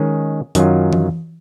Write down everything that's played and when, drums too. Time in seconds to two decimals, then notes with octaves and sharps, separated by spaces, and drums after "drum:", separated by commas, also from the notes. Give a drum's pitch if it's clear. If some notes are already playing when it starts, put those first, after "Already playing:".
Already playing: D#3 G#3 C#4 G#4
0.55 F#2 D#3 F#3 C#4 F4, drum: hi-hat
0.93 drum: tom E3